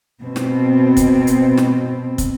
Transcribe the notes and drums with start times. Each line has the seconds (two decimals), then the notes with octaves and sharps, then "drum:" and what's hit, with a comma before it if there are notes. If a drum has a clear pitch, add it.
0.21 B2 C4
0.36 drum: snare
0.97 drum: kick, hi-hat
1.27 drum: hi-hat
1.57 drum: snare
2.18 drum: kick, hi-hat